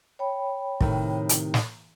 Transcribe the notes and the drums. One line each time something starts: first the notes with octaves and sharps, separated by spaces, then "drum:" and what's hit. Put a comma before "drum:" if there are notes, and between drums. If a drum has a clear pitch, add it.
C#5 G5 B5
A2 C3 D#3, drum: kick
drum: hi-hat
drum: snare